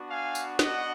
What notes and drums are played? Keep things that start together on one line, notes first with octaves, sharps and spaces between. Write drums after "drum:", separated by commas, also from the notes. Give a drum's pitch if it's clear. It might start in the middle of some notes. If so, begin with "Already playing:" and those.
Already playing: B3 D4 F#4
F5 G#5
drum: tambourine
D#5 F#5, drum: snare